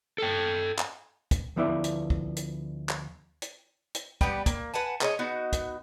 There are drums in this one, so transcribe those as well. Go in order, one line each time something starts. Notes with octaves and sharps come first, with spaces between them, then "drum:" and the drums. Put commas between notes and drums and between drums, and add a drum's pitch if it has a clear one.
A4 G5
drum: clap
drum: kick, hi-hat
D2 F3 B3 E4 D5 E5
drum: hi-hat
drum: kick
drum: hi-hat
drum: clap
drum: hi-hat
drum: hi-hat
G3 B3 G4 B4, drum: kick
A#3, drum: kick, hi-hat
B4 F#5 G#5 A5
G#4 C#5 D#5, drum: clap
B3 D#4 F#4
drum: kick, hi-hat